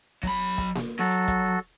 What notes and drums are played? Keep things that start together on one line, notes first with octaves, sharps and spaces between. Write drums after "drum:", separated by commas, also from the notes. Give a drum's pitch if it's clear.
F#3 B5, drum: kick
drum: kick, hi-hat
drum: snare A#3
F#3 F#4 A4
drum: kick, hi-hat